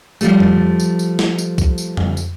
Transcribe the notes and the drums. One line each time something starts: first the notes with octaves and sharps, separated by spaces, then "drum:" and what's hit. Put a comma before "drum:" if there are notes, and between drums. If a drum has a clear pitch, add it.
F3 G3 A3, drum: tambourine
drum: tom
drum: tambourine
drum: tambourine
drum: snare
drum: tambourine
drum: kick C2, tambourine
drum: tambourine
drum: tom
drum: tambourine